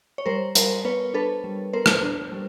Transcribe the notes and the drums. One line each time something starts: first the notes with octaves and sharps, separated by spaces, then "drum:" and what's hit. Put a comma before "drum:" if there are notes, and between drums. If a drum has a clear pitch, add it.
C#5
G3 A#4 C5
G3 A#4 C5, drum: hi-hat
B3 B4 C#5
D4 A4 B4
G3
B3 A#4 C5
drum: rim click
D4
G3